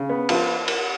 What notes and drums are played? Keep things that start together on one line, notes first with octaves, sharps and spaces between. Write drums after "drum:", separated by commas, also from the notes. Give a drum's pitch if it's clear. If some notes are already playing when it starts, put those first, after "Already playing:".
Already playing: C#3
B3
F3 F4, drum: cymbal
drum: cymbal